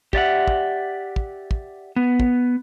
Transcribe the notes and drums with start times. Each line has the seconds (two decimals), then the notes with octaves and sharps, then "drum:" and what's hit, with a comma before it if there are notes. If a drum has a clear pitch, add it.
0.13 G4 D5 E5 F#5, drum: kick
0.47 drum: kick
1.16 drum: kick
1.51 drum: kick
1.96 B3
2.20 drum: kick